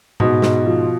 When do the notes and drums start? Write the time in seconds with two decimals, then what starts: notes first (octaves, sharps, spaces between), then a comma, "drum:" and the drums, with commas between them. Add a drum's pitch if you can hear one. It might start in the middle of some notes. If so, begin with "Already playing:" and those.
0.20 G#2 B2, drum: tom A2
0.42 G#2, drum: snare
0.65 F3